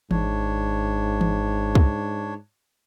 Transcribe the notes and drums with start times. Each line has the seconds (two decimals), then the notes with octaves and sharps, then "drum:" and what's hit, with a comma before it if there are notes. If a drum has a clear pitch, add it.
0.11 G#1 G#2 D4 C#5, drum: tom E3
1.21 drum: tom E3
1.75 drum: kick